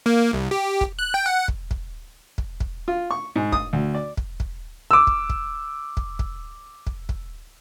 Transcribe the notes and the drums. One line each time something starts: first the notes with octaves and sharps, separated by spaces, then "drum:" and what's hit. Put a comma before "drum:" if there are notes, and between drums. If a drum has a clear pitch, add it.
A#3
C2
G4
drum: kick
F#6
G5
F#5
drum: kick
drum: kick
drum: kick
drum: kick
F4
C#6
G#2
D#6, drum: kick
D2
D5
drum: kick
drum: kick
D6 E6
drum: kick
drum: kick
drum: kick
drum: kick
drum: kick
drum: kick